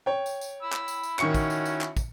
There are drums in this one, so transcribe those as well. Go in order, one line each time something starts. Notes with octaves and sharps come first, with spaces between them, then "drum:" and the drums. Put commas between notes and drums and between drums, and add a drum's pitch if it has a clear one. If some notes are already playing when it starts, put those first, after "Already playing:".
C#5 G5
drum: tambourine
drum: tambourine
B5 E6
drum: clap
drum: tambourine
drum: tambourine
D#3 C#4 E4 F#4 C#6 C#7, drum: clap
drum: kick, tambourine
drum: tambourine
drum: tambourine
drum: clap
drum: kick, tambourine